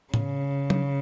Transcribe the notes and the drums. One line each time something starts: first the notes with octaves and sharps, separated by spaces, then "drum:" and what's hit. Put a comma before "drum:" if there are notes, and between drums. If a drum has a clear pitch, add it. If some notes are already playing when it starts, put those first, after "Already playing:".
C#3, drum: tom A2
drum: tom F#3